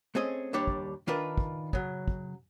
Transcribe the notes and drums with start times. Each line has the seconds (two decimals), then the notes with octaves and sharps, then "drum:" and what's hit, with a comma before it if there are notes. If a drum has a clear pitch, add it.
0.15 A3 C4 C#4 G#4 D#5
0.53 D#2 G3 D4 G4 C#5
0.67 drum: kick
1.08 D#3 D4 F4 A#4 B4
1.38 drum: kick
1.73 C#3 F#3, drum: kick
2.08 drum: kick